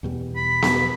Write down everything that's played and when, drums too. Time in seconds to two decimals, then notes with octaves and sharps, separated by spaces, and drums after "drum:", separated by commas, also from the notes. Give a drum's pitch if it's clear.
0.03 E2 B2 G3
0.36 B5
0.62 drum: snare B3